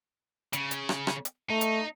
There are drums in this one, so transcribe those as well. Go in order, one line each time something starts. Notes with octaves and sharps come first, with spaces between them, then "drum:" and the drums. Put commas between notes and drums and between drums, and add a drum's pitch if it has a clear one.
C#3, drum: hi-hat
drum: hi-hat
drum: rim click
drum: rim click
drum: hi-hat
A3 D#4
drum: hi-hat